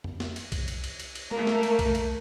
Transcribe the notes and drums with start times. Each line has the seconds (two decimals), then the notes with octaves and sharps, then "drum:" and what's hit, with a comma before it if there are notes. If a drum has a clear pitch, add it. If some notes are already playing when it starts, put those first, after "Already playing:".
0.04 drum: tom F2
0.20 drum: snare
0.36 drum: cymbal
0.52 drum: kick, cymbal
0.68 drum: cymbal
0.84 drum: cymbal
1.00 drum: cymbal
1.15 drum: cymbal
1.31 A3 A#3, drum: tom G#3
1.47 drum: snare
1.63 drum: cymbal
1.79 drum: kick, cymbal
1.95 drum: cymbal